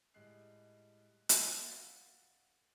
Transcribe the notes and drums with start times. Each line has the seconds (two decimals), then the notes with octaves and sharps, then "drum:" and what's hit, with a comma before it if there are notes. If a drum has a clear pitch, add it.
0.14 A2 G3 G#3 D#5 F#6 C7
1.29 drum: hi-hat
1.61 F5 F#5 A6